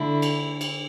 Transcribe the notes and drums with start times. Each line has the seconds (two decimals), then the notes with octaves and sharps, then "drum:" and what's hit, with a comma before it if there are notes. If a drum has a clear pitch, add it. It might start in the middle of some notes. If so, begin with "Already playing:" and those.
Already playing: D3 A3 E4
0.22 drum: cymbal
0.61 drum: cymbal